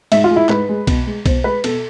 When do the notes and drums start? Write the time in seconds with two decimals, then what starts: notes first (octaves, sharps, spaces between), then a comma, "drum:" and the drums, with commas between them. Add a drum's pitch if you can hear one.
0.12 G#2 E5, drum: cymbal
0.24 F4
0.31 G#3
0.36 E4
0.49 G#2 B4, drum: clap
0.69 G#3
0.87 B2, drum: kick B1, cymbal
1.07 G#3
1.26 B2 C5, drum: kick B1, cymbal
1.44 G#3 B4
1.64 B2 A4, drum: cymbal